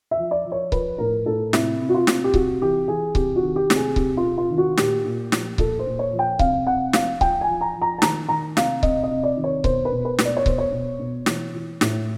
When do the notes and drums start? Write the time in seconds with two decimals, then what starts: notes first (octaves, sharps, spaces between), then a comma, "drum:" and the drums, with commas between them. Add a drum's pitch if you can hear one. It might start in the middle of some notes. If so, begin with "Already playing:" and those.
0.11 E5
0.17 F3
0.31 D5
0.45 F3
0.52 C#5
0.72 F3 B4, drum: kick C#1
0.98 A2 A#4
1.26 A2 A4
1.53 C3 E4, drum: snare
1.81 C3
1.89 F#4
1.94 F4
2.07 C3, drum: snare
2.24 G4
2.34 C3 F#4, drum: kick C#1
2.62 E3 G4
2.88 E3 G#4
3.15 C3 G4, drum: kick C#1
3.36 F#4
3.42 D#3
3.56 G4
3.70 C3, drum: snare
3.76 G#4
3.96 C3 G4, drum: kick C#1
4.17 F4
4.24 C3
4.38 F4
4.50 D#3
4.58 F#4
4.77 A#2 G4, drum: snare
5.05 A#2
5.32 F3, drum: snare
5.58 A#2 A4, drum: kick C#1
5.79 C5
5.86 A#2
5.99 C#5
6.13 F3
6.19 G5
6.39 C3 F5, drum: kick C#1
6.67 C3 F#5
6.93 F3 F5, drum: snare
7.21 F3 G5, drum: kick C#1
7.41 G#5
7.48 F3
7.61 A#5
7.75 F3
7.82 A#5
7.98 A5
8.02 D#3 A#5, drum: snare
8.29 D#3 A#5
8.57 C3 F5, drum: snare
8.83 C3 D#5, drum: kick C#1
9.03 D#5
9.11 C3
9.23 D5
9.37 D#3
9.44 C#5
9.64 B2 C5, drum: kick C#1
9.85 B4
9.92 B2
10.05 B4
10.19 B2, drum: snare
10.25 D5
10.37 C#5
10.46 B2 C5, drum: kick C#1
10.58 C#5
10.72 B2
10.99 B2
11.26 E3, drum: snare
11.54 E3
11.81 A2, drum: snare